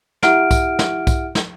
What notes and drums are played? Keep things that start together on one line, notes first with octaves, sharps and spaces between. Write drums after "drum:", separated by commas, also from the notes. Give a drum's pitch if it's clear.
E4 G4 E5 F#5 F6 D7, drum: snare
drum: kick B1, tambourine
drum: snare
drum: kick B1, tambourine
drum: snare